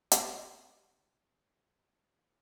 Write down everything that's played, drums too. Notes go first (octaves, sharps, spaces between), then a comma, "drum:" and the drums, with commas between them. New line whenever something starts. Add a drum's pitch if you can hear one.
drum: hi-hat
C3
C#6
B3
C6
F2
G#4
C#5
A4
G5